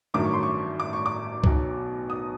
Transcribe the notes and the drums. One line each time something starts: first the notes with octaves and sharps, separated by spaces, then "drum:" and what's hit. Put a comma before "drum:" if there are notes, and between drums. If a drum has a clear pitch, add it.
A1 G2 D#3 F#3 A3 D6
C#6
C6
C#6
D6
C#6
D6
B1 B2 F#3, drum: kick C2
D#6